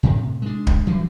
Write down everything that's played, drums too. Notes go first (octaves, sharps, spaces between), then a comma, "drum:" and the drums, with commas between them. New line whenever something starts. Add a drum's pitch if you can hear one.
A2 C3
G#3 D4
drum: kick D1
E3 F#3 G3